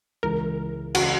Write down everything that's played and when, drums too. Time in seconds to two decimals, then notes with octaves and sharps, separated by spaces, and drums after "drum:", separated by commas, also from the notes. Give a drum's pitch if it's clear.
0.23 C#2 C#3 E3 G#3 A#4
0.95 C#3 E3 G#3 F#4, drum: cymbal